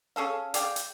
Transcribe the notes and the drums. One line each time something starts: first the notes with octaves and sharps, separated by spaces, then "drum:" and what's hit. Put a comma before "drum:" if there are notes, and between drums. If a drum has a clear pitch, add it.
C#4 G#4 A4 F5
G#4 D5 F5 G5, drum: hi-hat
drum: hi-hat